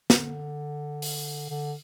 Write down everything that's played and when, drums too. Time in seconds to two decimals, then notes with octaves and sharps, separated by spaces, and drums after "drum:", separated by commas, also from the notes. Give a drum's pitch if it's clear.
0.10 D3, drum: snare
1.02 drum: open hi-hat
1.50 D3